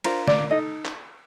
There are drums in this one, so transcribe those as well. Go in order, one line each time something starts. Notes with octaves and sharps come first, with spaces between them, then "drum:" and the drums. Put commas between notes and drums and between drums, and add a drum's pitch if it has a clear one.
D4 F4 A#4 C5, drum: cymbal
D5, drum: snare
D#4 A4 D#5
drum: clap